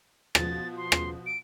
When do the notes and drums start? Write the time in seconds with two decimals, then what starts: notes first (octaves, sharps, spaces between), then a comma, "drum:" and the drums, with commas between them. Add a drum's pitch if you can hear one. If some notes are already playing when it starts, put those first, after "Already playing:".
0.35 B2 F3 A6, drum: rim click
0.77 C6
0.92 drum: rim click
1.26 D7